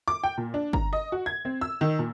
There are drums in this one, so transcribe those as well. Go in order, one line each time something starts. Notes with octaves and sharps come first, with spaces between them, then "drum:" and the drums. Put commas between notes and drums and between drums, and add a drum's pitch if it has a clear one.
D6
G5
A#2
D4
A#5, drum: kick G1
D#5
F#4
G#6
C4
E6
D#3
A#2